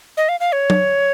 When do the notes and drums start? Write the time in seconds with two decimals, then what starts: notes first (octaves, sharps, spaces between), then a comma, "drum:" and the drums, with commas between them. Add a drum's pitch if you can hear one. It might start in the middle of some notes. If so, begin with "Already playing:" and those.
0.17 D#5
0.29 F5
0.40 F5
0.52 C#5
0.70 drum: tom F#3